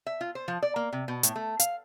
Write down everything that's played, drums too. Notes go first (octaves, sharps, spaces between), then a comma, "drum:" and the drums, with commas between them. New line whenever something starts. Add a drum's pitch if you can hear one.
E5
F4
C5
F3
D5
A#3
C3
B2
A2, drum: hi-hat
A3
F5, drum: hi-hat